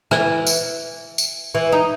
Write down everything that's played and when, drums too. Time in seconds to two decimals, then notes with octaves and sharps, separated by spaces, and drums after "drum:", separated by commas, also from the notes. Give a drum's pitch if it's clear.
0.11 E3, drum: rim click
0.47 drum: tambourine
1.18 drum: tambourine
1.55 E3
1.72 D#4